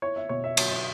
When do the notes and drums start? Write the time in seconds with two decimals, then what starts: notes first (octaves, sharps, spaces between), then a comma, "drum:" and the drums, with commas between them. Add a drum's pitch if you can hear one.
0.02 E4 C#5
0.16 E5
0.29 B2 C#5
0.44 E5
0.57 F#3 C#5, drum: cymbal
0.71 E5